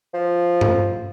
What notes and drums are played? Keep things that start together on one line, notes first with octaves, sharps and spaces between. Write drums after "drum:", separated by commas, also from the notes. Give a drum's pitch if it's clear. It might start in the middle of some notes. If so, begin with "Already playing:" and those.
F3
drum: tom G2